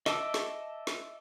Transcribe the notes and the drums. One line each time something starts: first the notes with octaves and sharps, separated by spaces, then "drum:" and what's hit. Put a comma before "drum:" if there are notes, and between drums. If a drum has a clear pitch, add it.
D#5 E5 A5 D6 E6, drum: snare
drum: snare
drum: snare